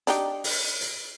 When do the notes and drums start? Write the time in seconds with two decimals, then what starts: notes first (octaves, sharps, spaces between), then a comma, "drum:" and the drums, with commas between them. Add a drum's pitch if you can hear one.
0.07 D4 D#4 G4, drum: hi-hat
0.44 drum: open hi-hat
0.81 drum: hi-hat